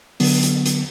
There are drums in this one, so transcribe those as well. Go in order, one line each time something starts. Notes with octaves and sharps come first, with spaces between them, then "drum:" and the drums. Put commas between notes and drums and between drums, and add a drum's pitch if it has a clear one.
D3 F#3 B3, drum: open hi-hat
drum: hi-hat
drum: hi-hat